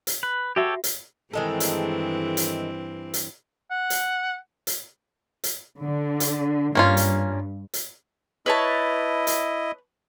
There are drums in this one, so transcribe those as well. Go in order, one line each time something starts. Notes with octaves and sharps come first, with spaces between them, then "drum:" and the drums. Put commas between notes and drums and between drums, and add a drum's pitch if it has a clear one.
drum: hi-hat
B4
F#4 G4 A4 C#5 E5 F#5
drum: hi-hat
G2 D#3 E3 G#3 C4 A4
drum: hi-hat
drum: hi-hat
drum: hi-hat
F#5
drum: hi-hat
drum: hi-hat
drum: hi-hat
D3
drum: hi-hat
G2 A#3 C#4 F4
drum: hi-hat
drum: hi-hat
E4 B4 C#5 D#5 A5
drum: hi-hat